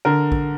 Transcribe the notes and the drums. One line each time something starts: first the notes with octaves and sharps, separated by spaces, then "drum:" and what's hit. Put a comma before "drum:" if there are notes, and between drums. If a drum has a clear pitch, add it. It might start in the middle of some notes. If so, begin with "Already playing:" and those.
D3 A#4
drum: kick